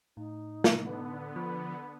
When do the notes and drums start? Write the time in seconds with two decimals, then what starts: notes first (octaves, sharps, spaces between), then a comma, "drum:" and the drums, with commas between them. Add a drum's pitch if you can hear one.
0.17 A2 D#4
0.64 drum: snare
0.84 D3 B3
1.36 F3 B5